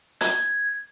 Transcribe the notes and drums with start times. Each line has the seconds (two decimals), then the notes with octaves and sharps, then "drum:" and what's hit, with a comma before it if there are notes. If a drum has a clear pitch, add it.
0.21 G#6, drum: hi-hat